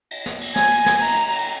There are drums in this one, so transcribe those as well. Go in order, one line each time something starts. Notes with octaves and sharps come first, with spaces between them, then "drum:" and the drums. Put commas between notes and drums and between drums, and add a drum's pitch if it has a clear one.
drum: cymbal
drum: snare
drum: cymbal
G#5, drum: snare
drum: cymbal
drum: snare
A#5, drum: cymbal
drum: cymbal